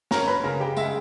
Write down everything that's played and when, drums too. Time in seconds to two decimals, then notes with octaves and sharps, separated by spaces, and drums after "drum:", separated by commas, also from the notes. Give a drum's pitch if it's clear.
0.11 C#4 A#4 A#5, drum: snare
0.27 B4 B5
0.44 C#3 A#4 A#5
0.60 G4 G5
0.77 G#3 E5, drum: tambourine
0.85 G5